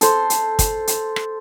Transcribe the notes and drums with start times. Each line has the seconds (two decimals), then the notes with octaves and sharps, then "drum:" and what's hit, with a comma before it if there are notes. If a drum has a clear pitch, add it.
0.01 A4 C5, drum: hi-hat
0.30 drum: hi-hat
0.59 drum: kick, hi-hat
0.87 drum: hi-hat
1.16 drum: rim click